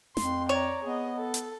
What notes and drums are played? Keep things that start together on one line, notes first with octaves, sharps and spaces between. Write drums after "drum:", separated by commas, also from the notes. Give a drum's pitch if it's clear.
F2 C6, drum: snare
C#5 D5 A#5
B3 G#4 D#5
A4
drum: hi-hat